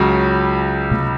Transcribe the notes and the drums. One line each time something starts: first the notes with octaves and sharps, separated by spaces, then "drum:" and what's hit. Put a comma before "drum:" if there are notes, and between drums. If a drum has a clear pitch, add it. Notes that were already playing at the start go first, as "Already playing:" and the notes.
Already playing: C#2 C#3 F#3
drum: tom C3